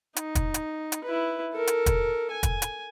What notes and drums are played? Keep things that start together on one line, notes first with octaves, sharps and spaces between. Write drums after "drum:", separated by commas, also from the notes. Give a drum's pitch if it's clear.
D#4, drum: hi-hat
drum: kick, hi-hat
drum: hi-hat
drum: hi-hat
E4 B4
A4 A#4
drum: hi-hat
drum: kick, hi-hat
G#5
drum: kick, hi-hat
drum: hi-hat